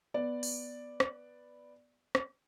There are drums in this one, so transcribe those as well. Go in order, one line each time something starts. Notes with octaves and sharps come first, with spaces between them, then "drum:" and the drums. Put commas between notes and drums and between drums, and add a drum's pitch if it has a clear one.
B3 D5
drum: open hi-hat
drum: rim click
drum: rim click